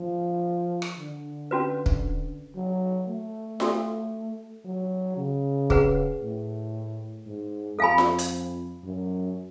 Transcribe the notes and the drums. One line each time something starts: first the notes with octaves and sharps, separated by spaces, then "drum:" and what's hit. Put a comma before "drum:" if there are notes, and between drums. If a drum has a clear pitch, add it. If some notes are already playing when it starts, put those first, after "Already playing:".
Already playing: F3
drum: rim click
D3
C#4 F#4 B4
drum: kick
F#3
A3
D4 F#4 A4, drum: snare F4
F#3
C#3
G#4 B4 F#5, drum: kick
A2
G#2
F2 A4 F5 G#5 B5
drum: snare F4
drum: hi-hat
F#2